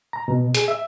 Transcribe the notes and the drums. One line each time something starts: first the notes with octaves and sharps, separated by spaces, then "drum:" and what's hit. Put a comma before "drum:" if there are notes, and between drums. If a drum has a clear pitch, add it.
A#5
B2
G#4, drum: hi-hat
E5